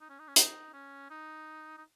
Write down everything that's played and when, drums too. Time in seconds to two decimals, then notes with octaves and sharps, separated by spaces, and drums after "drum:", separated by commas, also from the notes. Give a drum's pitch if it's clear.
0.01 D#4
0.10 C#4
0.19 D#4
0.28 C#4
0.36 D#4, drum: hi-hat
0.73 C#4
1.10 D#4
1.78 D#4